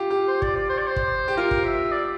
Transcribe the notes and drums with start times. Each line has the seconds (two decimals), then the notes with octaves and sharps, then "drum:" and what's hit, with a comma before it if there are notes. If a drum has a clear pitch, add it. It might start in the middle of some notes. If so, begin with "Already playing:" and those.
Already playing: F4 G4
0.11 G4
0.28 C5
0.42 D5, drum: kick
0.55 D5
0.69 C5
0.78 D5
0.87 C5
0.96 drum: kick
1.28 G4
1.37 F4 A#4
1.51 drum: kick
1.65 E5
1.92 D5